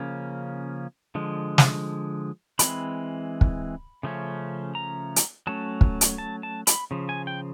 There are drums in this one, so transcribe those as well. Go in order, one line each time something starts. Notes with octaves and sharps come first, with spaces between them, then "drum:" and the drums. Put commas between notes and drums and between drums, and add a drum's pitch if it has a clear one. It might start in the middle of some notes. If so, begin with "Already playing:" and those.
Already playing: C#3 F3 A#3 C#4
D3 F3 G#3
drum: snare
E3 G#3 C4 B5, drum: hi-hat
drum: kick
C#3 F3 A3 C#4
A#5
drum: hi-hat
F#3 A3 C#4 A5
drum: kick
drum: hi-hat
A5
A5
B5, drum: hi-hat
C#3 F3
G#5
G5